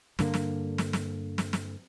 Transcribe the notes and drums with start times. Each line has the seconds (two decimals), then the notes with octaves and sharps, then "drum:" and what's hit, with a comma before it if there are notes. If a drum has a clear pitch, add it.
0.19 G2 D3 A#3, drum: snare
0.34 drum: snare
0.78 drum: snare
0.93 drum: snare
1.38 drum: snare
1.53 drum: snare